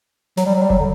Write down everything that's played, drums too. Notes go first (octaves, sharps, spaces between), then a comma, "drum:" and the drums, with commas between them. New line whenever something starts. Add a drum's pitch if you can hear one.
F#3, drum: snare
G3
F#3
G3
F#3, drum: kick F1
D3